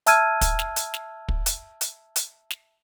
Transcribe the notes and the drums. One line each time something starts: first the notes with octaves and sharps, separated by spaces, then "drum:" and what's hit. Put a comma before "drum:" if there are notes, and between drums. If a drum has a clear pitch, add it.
E5 A5 E6 F6 G#6 D#7, drum: hi-hat
drum: kick, hi-hat
drum: snare
drum: hi-hat
drum: snare
drum: kick
drum: hi-hat
drum: hi-hat
drum: hi-hat
drum: snare